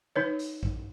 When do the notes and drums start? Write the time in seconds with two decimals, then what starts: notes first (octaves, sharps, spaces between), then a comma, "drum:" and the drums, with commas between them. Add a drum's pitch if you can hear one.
0.16 D#4 B4 C#5
0.39 drum: hi-hat
0.63 drum: kick A#1